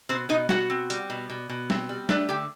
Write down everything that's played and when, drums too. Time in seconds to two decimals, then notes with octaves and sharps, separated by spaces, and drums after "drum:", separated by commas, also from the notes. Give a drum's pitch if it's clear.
0.09 B2 C4 C5
0.29 B2 D#4 D#5
0.49 B2 F#4 F#5, drum: snare
0.70 C4
0.90 G3, drum: hi-hat
1.10 B2
1.30 B2
1.49 B2
1.70 C4, drum: snare
1.89 G3
2.09 A3 D4 D5, drum: snare
2.29 D3 G4 G5